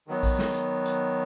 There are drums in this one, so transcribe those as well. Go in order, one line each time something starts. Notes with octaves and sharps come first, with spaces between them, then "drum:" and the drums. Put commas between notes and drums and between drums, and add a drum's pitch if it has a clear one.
D#3 F#3 B3
drum: kick, open hi-hat
drum: snare
drum: hi-hat
drum: hi-hat